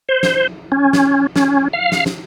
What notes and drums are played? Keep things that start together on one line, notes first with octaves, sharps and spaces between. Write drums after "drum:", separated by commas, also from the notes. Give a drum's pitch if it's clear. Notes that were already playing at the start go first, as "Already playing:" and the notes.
C5
drum: snare
C#4
drum: snare
C#4, drum: snare
F5
drum: snare
drum: snare